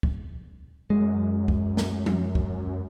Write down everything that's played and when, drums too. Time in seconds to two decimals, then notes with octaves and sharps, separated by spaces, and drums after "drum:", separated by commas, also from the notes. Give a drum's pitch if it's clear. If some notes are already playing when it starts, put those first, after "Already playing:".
0.03 drum: kick
0.90 F#2 G#3
1.48 drum: kick
1.77 drum: snare
2.06 drum: tom F3
2.35 drum: kick